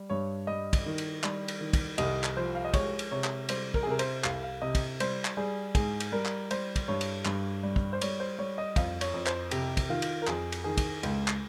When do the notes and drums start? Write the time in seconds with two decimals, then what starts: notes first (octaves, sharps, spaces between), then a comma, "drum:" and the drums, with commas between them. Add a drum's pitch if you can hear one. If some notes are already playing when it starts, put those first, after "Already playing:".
Already playing: G3
0.10 G2 C#5
0.47 G3 D#5
0.73 drum: kick, cymbal
0.86 D#3
0.98 drum: cymbal
1.24 G3, drum: clap
1.48 drum: cymbal
1.61 D#3
1.73 drum: kick, cymbal
1.98 C2 D#5, drum: cymbal
2.24 drum: clap
2.37 F3 C5
2.55 F5
2.65 D#5
2.74 G#3 C#5, drum: kick, cymbal
2.99 drum: cymbal
3.11 C3 C#5
3.24 drum: clap
3.49 G3 C5, drum: cymbal
3.74 A#4, drum: kick
3.83 G#4
3.86 C3 A#4
3.99 C5, drum: cymbal
4.24 C2 F5, drum: clap
4.43 F5
4.62 C3 D#5
4.75 drum: kick, cymbal
5.00 G3 C5, drum: cymbal
5.25 drum: clap
5.37 G3 G#4
5.75 G#2 G#4, drum: kick, cymbal
6.00 drum: cymbal
6.12 G3 A#4
6.25 drum: clap
6.51 G3 C5, drum: cymbal
6.76 drum: kick, cymbal
6.88 G2 C#5
7.01 drum: cymbal
7.25 G2, drum: clap
7.63 G3
7.76 drum: kick
7.93 C5
8.01 G3 C#5, drum: cymbal
8.20 C5
8.39 G3 C#5
8.58 D#5
8.76 F2 F5, drum: kick, cymbal
9.01 C#5, drum: cymbal
9.14 F2
9.26 C5, drum: clap
9.51 C3 G4, drum: cymbal
9.77 drum: kick, cymbal
9.89 D#3 F4
10.02 drum: cymbal
10.22 A#4
10.27 F2 G#4, drum: clap
10.52 drum: cymbal
10.64 D#3 G#4
10.77 drum: kick, cymbal
11.03 C#2, drum: cymbal
11.28 drum: clap